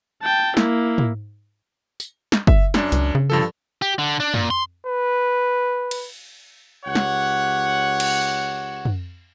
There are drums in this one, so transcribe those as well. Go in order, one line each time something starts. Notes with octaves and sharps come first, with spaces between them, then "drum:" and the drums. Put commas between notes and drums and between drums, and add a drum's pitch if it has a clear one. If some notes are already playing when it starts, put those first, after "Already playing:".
G5 A5
A#3 E4, drum: snare
drum: tom
drum: tambourine
drum: snare
E5, drum: kick
F#2 D4, drum: snare
C#2, drum: hi-hat
C#3
G2 F3 A4
G4
D3
D4
A#2, drum: tom
C6
B4
drum: cymbal
C#2 G4 C#5 F#5
drum: snare
drum: cymbal
drum: tom